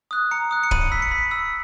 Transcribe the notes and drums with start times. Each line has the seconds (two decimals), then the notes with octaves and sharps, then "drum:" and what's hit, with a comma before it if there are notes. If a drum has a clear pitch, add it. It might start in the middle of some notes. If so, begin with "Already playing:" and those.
0.11 D#6 F#6
0.31 A#5 C#7
0.51 D#6 F#6
0.63 C#7
0.71 B5 D#7, drum: kick
0.81 C#7
0.92 E6 B6
1.02 C#7
1.11 B5 B6
1.31 E6